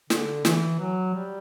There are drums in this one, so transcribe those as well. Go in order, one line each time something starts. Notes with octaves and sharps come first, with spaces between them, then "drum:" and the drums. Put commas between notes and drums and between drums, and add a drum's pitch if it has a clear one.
D3, drum: snare
E3, drum: snare
F#3
G3